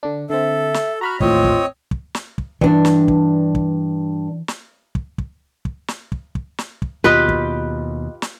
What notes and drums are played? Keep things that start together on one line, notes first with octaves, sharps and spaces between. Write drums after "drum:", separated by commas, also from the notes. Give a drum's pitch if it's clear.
D3 D4
D3 C4 A4 E5
drum: snare
F#4 A#5 B5 F6
A1 D#2 A2 C4 F4 C#5 D#5, drum: kick
drum: kick
drum: kick
drum: snare
drum: kick
G2 E3 D4, drum: kick
drum: snare
drum: kick
drum: kick
drum: snare
drum: kick
drum: kick
drum: kick
drum: snare
drum: kick
drum: kick
drum: snare
drum: kick
D#2 B2 F4 G4 B4 D#5 F#6
drum: kick
drum: snare